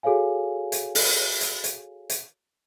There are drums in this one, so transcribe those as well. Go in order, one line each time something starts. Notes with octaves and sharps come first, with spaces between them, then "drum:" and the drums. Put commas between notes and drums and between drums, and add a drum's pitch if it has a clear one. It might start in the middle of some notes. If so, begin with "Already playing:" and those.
F#4 G#4 A4 C#5 F5 G#5
drum: hi-hat
drum: open hi-hat
drum: hi-hat
drum: hi-hat
drum: hi-hat